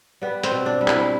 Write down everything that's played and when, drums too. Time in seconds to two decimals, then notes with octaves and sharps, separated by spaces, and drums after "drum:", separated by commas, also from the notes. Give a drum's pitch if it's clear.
0.22 G3 B3
0.43 C4, drum: hi-hat
0.51 B2
0.66 D4
0.81 G3
0.88 E4, drum: clap